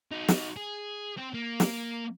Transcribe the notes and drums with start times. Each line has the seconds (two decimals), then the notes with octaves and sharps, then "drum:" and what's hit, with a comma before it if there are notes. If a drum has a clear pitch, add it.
0.11 D#4 F#4
0.28 drum: snare
0.57 G#4
1.17 C4
1.34 A#3
1.60 drum: snare